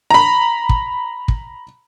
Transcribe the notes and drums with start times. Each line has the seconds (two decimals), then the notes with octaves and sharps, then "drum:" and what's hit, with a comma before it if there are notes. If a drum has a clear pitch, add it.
0.10 A#5 B5
0.69 drum: kick
1.28 drum: kick